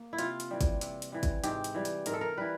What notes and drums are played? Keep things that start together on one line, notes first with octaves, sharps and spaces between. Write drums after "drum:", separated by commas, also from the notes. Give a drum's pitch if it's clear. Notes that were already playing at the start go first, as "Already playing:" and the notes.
Already playing: A#3
E4
C3 F4, drum: hi-hat
drum: hi-hat
E3 G3
drum: kick, hi-hat
C3, drum: hi-hat
drum: hi-hat
E3 G3
drum: kick, hi-hat
G#2 G4, drum: hi-hat
drum: hi-hat
E3 G3
drum: hi-hat
G#2 A#4, drum: hi-hat
A4
A#4
E3 G3 B4